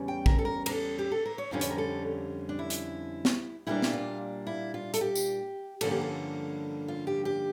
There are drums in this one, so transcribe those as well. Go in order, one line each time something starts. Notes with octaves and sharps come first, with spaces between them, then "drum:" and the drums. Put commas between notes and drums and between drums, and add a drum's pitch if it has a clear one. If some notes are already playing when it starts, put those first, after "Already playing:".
Already playing: E2 C#3 G3 C#4
G5
A#4, drum: kick
A4
A#4
A#4, drum: cymbal
A4
G4
A4
A#4
C#5
F2 D3 G3 C#4 F4
C#5, drum: hi-hat
A#4
A4
D4
E4
drum: hi-hat
drum: snare
A#2 G3 A#3 D4 E4
drum: snare
F4
E4
F4
A4, drum: hi-hat
G4
drum: tambourine
G2 D3 F3 A#3 C#4 A4, drum: cymbal
G4
A4
F4
G4
G4